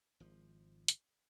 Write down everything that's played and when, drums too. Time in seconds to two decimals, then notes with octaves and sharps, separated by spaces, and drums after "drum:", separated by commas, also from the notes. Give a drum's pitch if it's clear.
0.20 G#1 F3
0.88 drum: hi-hat